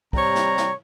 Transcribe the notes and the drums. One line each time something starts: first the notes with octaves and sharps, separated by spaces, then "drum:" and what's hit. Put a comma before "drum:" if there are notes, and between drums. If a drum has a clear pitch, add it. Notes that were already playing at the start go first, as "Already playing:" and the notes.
C3 G3 C#5 A#5, drum: kick
drum: snare
drum: snare